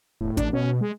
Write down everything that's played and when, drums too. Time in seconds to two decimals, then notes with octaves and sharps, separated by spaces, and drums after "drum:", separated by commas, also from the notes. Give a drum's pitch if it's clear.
0.21 E1 A2
0.37 A1 D4, drum: kick G#1, hi-hat
0.53 B2 C#4
0.81 G#3